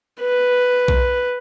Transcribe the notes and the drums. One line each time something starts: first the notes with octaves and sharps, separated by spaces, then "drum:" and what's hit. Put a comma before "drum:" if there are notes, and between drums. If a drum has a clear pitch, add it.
B4
drum: kick A#1